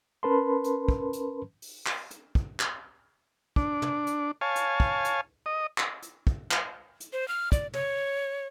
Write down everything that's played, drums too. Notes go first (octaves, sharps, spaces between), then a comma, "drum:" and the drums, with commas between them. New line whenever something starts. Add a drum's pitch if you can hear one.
C#4 A#4 B4 A5 B5 C6
drum: hi-hat
drum: kick
drum: hi-hat
drum: open hi-hat
drum: clap
drum: hi-hat
drum: kick
drum: clap
D4, drum: kick
drum: tom
drum: hi-hat
C#5 F5 G#5 A5
drum: hi-hat
drum: kick
drum: hi-hat
D#5
drum: clap
drum: hi-hat
drum: kick
drum: clap
drum: hi-hat
C5
F6
D5, drum: kick, hi-hat
C#5, drum: tom